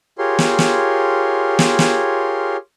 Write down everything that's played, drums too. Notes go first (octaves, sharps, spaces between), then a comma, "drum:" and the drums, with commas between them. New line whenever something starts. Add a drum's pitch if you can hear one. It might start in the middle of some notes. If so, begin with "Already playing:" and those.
F4 G4 G#4 A#4 C#5 C6
drum: snare
drum: snare
drum: snare
drum: snare